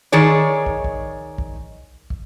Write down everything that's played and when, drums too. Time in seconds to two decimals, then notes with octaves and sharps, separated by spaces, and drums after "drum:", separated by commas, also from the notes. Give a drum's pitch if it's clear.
0.12 D#3 G#4 C#5 D5
0.66 drum: kick
0.84 drum: kick
1.38 drum: kick
2.10 drum: kick